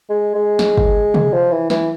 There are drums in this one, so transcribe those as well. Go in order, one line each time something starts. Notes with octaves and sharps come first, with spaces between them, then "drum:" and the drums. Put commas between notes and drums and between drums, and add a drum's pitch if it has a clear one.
G#3
G#3
drum: snare
drum: kick
drum: tom C3
F3
E3
E3, drum: snare